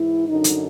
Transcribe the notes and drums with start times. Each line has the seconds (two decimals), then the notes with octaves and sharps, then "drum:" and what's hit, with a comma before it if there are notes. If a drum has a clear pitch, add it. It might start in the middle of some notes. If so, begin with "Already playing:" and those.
Already playing: G#2 E3 E4
0.26 F#2 D3 D#4
0.44 drum: hi-hat